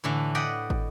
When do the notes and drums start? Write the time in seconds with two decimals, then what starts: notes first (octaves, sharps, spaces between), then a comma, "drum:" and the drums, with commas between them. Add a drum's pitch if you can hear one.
0.04 A2 D3 E3
0.35 D5 D#5 F#5 G5 B5
0.70 drum: kick